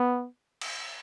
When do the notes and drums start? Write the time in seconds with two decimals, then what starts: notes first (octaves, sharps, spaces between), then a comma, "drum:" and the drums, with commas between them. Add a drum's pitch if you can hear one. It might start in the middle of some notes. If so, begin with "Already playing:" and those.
Already playing: B3
0.61 drum: cymbal